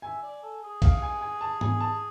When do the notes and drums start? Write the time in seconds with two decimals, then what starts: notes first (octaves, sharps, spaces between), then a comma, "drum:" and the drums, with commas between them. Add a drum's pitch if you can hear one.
0.02 E5 G#5
0.23 D5
0.43 A4
0.62 G#4
0.82 G#4 F5, drum: kick A#1, cymbal
1.02 G#5
1.21 G#5
1.41 A5
1.61 G#5, drum: tom G#2
1.80 A5